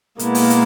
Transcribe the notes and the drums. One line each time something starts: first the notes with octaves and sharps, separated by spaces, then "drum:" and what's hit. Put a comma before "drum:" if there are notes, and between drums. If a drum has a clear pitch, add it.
B2 G#3 A#3 B3 E4, drum: hi-hat
drum: open hi-hat
drum: hi-hat